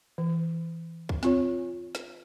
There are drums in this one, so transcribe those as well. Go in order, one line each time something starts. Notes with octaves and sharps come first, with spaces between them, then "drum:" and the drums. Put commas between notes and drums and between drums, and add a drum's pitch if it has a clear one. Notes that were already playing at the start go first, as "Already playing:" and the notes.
E3
drum: kick
C4 F4 C#5, drum: snare
drum: snare